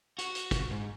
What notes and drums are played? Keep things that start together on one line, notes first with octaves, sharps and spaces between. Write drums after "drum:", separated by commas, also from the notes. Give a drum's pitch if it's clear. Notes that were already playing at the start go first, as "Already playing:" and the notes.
F#4, drum: hi-hat
drum: hi-hat
drum: kick, hi-hat
G#2